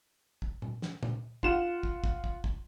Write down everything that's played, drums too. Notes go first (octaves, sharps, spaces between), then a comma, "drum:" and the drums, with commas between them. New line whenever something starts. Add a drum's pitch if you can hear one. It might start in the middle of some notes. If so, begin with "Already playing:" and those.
drum: kick
drum: tom A#2
drum: snare
drum: tom A#2
F4 F#5 E7, drum: kick
drum: kick
drum: kick
drum: kick
drum: kick